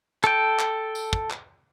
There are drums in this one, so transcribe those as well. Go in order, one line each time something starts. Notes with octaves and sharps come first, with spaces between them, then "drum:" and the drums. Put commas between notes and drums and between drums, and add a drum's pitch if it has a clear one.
A4 G5, drum: clap
drum: clap
drum: tambourine
drum: kick
drum: clap